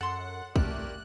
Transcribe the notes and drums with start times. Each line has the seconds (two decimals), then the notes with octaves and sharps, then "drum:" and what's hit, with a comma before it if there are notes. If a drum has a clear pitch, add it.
0.01 F#2 A4 F#5 C6
0.56 A3 A#3 G4 D5 F#6, drum: kick